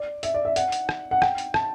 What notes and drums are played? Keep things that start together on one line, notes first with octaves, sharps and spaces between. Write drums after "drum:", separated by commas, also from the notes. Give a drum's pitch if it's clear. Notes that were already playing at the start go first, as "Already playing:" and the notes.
Already playing: D5
E5, drum: hi-hat
D5
E5
F#5, drum: hi-hat
drum: hi-hat
drum: rim click
F#5
G5, drum: rim click
drum: hi-hat
A5, drum: rim click